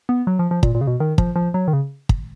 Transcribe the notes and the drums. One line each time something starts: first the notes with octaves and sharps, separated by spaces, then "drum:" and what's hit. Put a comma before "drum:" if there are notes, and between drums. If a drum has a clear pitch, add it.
B3
F#3
F3
F3
A#2, drum: kick
A#2
C#3
B2
D#3
F3, drum: kick
F3
F#3
D#3
C#3
drum: kick